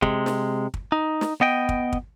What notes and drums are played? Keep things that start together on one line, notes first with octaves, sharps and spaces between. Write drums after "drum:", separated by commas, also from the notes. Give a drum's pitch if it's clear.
C3 G#3, drum: kick
drum: snare
drum: kick
D#4
drum: snare
B3 D#5 G5
drum: kick
drum: kick